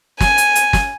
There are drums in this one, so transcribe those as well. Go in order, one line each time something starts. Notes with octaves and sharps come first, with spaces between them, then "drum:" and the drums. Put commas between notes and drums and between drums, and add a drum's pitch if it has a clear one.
G#5, drum: snare
drum: hi-hat
drum: hi-hat
drum: snare